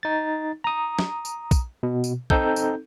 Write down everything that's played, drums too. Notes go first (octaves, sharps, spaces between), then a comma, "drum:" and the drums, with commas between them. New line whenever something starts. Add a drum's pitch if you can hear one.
D#4 A6
A#5 D#6
drum: snare
drum: tambourine
drum: kick, tambourine
B2
drum: tambourine
C4 D#4 A4 G6, drum: kick
drum: tambourine